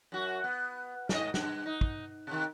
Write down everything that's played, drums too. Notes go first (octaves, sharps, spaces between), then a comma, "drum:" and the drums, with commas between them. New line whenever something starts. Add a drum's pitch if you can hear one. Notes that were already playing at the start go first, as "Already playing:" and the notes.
F#2 F#4
B3
G#2 F4 D#5, drum: snare
G2, drum: snare
D#4
drum: kick
C3 D#3